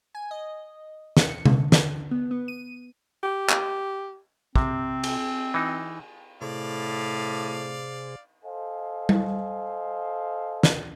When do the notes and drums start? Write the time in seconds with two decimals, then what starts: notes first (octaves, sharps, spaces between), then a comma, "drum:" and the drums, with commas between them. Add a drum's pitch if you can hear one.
0.15 G#5
0.31 D#5
1.17 C#7, drum: snare
1.46 D3, drum: tom C3
1.72 drum: snare
2.11 B3
2.31 B3
2.48 D#7
3.23 G4
3.49 drum: clap
4.56 C3 C4, drum: kick
5.04 drum: cymbal
5.54 E3 D#4
6.41 A2 C3 G#4 C5 D5 F5
8.43 A4 C5 D#5 F5 G#5
9.09 drum: tom G3
10.63 drum: snare